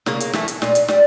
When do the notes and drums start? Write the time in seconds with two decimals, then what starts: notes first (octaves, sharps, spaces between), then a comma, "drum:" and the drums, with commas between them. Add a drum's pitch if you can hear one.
0.06 C#3 A#3, drum: snare
0.20 drum: hi-hat
0.33 E3 A3, drum: snare
0.48 drum: hi-hat
0.62 A#2, drum: snare
0.75 drum: hi-hat
0.88 G3, drum: snare